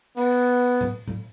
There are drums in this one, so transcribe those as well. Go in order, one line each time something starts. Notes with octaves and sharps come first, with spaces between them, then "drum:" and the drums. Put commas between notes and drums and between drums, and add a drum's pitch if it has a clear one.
B3, drum: open hi-hat
drum: tom A2
drum: tom A2